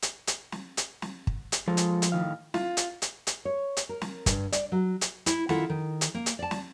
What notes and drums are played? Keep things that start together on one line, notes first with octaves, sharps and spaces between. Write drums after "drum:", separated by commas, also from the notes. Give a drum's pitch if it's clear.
drum: hi-hat
drum: hi-hat
drum: snare
drum: hi-hat
drum: snare
drum: kick
drum: hi-hat
F3 G#3 F4 A4
drum: hi-hat
drum: hi-hat
A2 D#3 F5
F4, drum: snare
drum: hi-hat
drum: hi-hat
drum: hi-hat
C#5
drum: hi-hat
A#4
drum: snare
G2, drum: kick, hi-hat
D5, drum: hi-hat
F#3
drum: hi-hat
E4, drum: hi-hat
D#3 E4 F4 A4 F#5, drum: snare
D#3
drum: hi-hat
A#3
drum: hi-hat
D5 A5
drum: snare